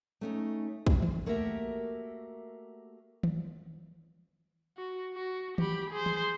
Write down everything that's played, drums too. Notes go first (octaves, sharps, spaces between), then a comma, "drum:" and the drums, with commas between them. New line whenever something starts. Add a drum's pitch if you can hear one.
A3 C#4 D#4
drum: kick
drum: tom
A3 A#3 F#4 G4 A#4 E5
drum: tom
F#4
F#4
G4 B5, drum: tom
G#4 C5
drum: tom